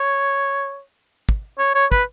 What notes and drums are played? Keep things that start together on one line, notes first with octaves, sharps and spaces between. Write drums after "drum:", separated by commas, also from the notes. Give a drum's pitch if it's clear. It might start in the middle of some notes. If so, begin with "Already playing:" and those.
Already playing: C#5
drum: kick
C#5
C#5
B4, drum: kick